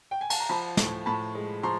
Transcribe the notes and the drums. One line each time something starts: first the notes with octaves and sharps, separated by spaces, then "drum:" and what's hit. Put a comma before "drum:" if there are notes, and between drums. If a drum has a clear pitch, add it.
G5
G#5
A5, drum: cymbal
A#5
F3 A5 B5
A2, drum: snare
A2 A5 B5
G#3
F3 A#5 C6